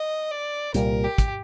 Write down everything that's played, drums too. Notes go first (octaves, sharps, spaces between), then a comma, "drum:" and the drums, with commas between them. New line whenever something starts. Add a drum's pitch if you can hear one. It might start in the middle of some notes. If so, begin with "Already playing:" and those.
Already playing: D#5
D5
C2 A#2 G3 A#4, drum: hi-hat
G4
drum: kick, hi-hat